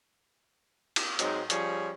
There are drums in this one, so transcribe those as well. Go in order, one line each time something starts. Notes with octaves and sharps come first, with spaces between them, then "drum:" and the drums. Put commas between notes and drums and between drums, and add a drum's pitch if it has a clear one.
drum: cymbal
G#2 F#3 G#3 C4 D#4, drum: hi-hat
F3 G3 C#4 G#4 C#5, drum: hi-hat